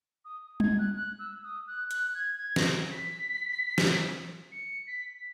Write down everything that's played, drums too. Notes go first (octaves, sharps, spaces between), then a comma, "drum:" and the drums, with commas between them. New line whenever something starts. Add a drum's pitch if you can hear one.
D#6
G#6, drum: tom G3
F#6
F#6
E6
D#6
F#6
F#6, drum: hi-hat
G#6
G#6
A#6, drum: snare
B6
drum: snare
C#7
B6